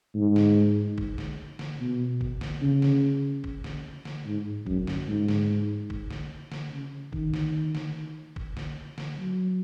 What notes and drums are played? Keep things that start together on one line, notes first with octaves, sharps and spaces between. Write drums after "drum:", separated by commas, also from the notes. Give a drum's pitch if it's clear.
G#2
drum: snare
drum: kick
drum: snare
drum: snare
B2
drum: kick
drum: snare
C#3
drum: snare
drum: kick
drum: snare
drum: snare
G#2
F#2, drum: kick
drum: snare
G#2
drum: snare
drum: kick
drum: snare
drum: snare
C#3
D#3, drum: kick
drum: snare
drum: snare
drum: kick
drum: snare
drum: snare
F#3